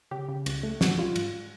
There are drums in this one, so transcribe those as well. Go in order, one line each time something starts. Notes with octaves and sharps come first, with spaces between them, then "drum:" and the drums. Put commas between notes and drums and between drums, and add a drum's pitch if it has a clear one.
C#3 G4
C#3
C#2, drum: cymbal
A3
G#2 F#4, drum: snare
G3 F4
G#2, drum: cymbal